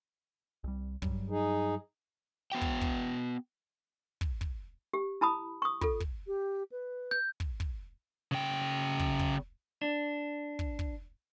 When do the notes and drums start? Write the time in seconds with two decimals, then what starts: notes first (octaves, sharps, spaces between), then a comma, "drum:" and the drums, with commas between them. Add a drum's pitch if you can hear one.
0.64 C2 G3
1.02 G2 F#3 G3, drum: kick
1.30 D#4 G#4
2.52 B3 F#4 G5
2.61 drum: kick
2.81 drum: kick
4.21 drum: kick
4.41 drum: kick
4.94 G4
5.21 E4 A5 B5 D#6
5.62 C#6 D#6
5.81 F4 A4, drum: kick
6.00 drum: kick
6.27 G4
6.72 B4
7.11 G6
7.40 drum: kick
7.60 drum: kick
8.32 C#3 G5
8.99 drum: kick
9.19 drum: kick
9.82 D4
10.59 drum: kick
10.79 drum: kick